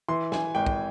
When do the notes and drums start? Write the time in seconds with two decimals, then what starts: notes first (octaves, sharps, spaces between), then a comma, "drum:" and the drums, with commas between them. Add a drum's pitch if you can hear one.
0.09 E3 C6
0.32 G#5, drum: snare
0.55 G#1 G5
0.67 drum: kick